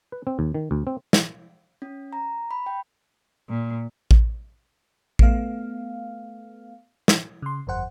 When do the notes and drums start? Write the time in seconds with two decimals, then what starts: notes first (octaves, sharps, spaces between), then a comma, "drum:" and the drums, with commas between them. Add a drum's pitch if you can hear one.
0.12 B4
0.27 C4
0.39 D#2
0.54 D#3
0.71 D2
0.87 C4
1.13 drum: snare
1.82 C#4
2.13 A#5
2.51 B5
2.66 G5
3.48 A#2
4.11 drum: kick A1
5.19 A3 B3 F5, drum: kick A1
7.08 drum: snare
7.42 C#3 C6
7.67 G1 F2 C5 F#5